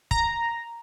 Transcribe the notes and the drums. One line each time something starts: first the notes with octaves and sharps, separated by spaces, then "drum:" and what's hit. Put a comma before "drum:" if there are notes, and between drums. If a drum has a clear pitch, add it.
A#5, drum: kick